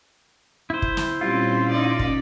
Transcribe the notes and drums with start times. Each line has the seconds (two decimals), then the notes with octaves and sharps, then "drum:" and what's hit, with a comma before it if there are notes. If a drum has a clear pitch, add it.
0.70 E4 C5
0.82 drum: kick
0.97 drum: snare
1.21 A#2 G3 C4 C#4 F4 B6
1.70 D#4 D5
1.99 drum: kick